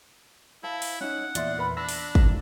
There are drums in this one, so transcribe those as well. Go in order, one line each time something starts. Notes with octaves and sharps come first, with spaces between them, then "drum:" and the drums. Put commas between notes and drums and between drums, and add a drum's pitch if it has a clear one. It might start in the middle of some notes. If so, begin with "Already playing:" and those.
E4 C5 F5 A5
drum: open hi-hat
C#4 D#4 F#5
E2 A#2 D5 E5 C6, drum: hi-hat
A#4 B4 B5
D4 B5 E6 A#6 B6
drum: open hi-hat
drum: kick